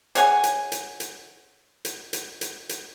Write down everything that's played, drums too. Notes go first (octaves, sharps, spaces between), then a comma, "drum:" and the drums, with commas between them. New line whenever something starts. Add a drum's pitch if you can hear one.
G#4 C#5 F#5 G#5, drum: hi-hat
drum: hi-hat
drum: hi-hat
drum: hi-hat
drum: hi-hat
drum: hi-hat
drum: hi-hat
drum: hi-hat